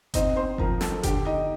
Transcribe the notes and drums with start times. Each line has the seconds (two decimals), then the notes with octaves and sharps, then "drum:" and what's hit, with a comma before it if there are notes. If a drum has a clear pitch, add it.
0.14 C4 D#4 D#5, drum: kick F#1, hi-hat
0.36 C5 C6
0.58 F3 A#4 A#5, drum: kick F#1
0.81 A4 A5, drum: snare
1.03 D3 G4 G5, drum: kick F#1, hi-hat
1.25 D#4 D#5